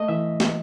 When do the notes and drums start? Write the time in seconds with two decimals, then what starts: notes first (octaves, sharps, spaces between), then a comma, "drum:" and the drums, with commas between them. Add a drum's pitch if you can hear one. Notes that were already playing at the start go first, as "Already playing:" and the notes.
Already playing: A3 D#5
0.08 E3 E5
0.40 drum: snare